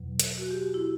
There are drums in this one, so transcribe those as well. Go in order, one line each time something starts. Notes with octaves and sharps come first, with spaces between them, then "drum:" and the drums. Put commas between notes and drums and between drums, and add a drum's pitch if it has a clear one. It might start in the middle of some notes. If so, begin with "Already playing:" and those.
Already playing: E2 B2 F#3
drum: hi-hat
F#4
G4
F#4
E4